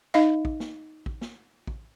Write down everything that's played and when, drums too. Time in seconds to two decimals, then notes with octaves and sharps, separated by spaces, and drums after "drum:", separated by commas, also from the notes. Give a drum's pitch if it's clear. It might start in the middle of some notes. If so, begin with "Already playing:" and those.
0.14 D#4 D#5 F5
0.45 drum: kick
0.60 drum: snare
1.06 drum: kick
1.21 drum: snare
1.67 drum: kick